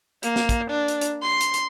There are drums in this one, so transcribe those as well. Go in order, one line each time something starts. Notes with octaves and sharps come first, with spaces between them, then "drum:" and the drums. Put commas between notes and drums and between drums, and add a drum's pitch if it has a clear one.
A#3, drum: hi-hat
drum: snare
drum: kick, hi-hat
D4
drum: hi-hat
drum: hi-hat
C6
drum: hi-hat
drum: hi-hat